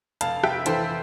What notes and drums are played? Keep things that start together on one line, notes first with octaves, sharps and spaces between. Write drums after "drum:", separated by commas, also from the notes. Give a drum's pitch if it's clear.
F1 F5 A5, drum: hi-hat
F1 E5 G5, drum: rim click
E3 A4 C5, drum: hi-hat